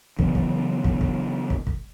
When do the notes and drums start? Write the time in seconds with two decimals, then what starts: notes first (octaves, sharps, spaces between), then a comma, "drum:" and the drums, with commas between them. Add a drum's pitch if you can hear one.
0.19 C#3 E3 F#3 B3, drum: kick
0.35 drum: kick
0.84 drum: kick
1.01 drum: kick
1.50 drum: kick
1.67 drum: kick